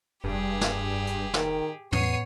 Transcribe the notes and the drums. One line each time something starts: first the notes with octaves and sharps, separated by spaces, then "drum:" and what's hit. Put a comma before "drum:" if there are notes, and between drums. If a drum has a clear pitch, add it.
F1 G2 G4 G#4
drum: snare
drum: hi-hat
D#3, drum: snare
E2 B3 C#5 C7 D#7, drum: tom